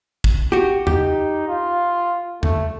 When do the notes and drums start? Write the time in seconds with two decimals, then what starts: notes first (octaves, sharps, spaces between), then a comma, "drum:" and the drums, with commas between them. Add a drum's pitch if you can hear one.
0.24 drum: kick
0.52 F#4 G4
0.87 D#4 G4, drum: tom E2
1.48 F4
2.43 A3, drum: tom E2